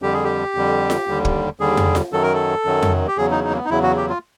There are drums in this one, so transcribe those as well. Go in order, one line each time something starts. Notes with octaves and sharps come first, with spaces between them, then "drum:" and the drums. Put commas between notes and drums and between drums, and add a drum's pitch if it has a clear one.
F2 D3 G3 G4
G#4
G4
F2 D3 G3
drum: snare F4
D#2 D3 G3
drum: kick
D#2 D3 G3 G#4
drum: tom F2
drum: snare F4
F#2 D#3 F#3 A4
A#4
A4
F#2 D#3 F#3
drum: tom F2
G4
E2 C#3 F#3 G#4
D#4
D#4
A#3
B3
D#4
E2 C#3 F#3 E4
F#4
G4
F4